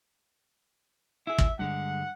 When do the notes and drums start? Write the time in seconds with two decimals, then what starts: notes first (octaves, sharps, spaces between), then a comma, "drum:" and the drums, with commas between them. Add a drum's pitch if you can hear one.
1.27 E4 G#4 E5
1.39 drum: kick
1.59 G2 D3 G#3 F#5